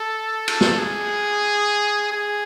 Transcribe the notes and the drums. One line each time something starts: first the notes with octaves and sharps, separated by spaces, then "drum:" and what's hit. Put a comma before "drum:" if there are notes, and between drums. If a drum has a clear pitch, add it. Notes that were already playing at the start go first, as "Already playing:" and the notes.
Already playing: A4
drum: cymbal
drum: snare
G#4
G#4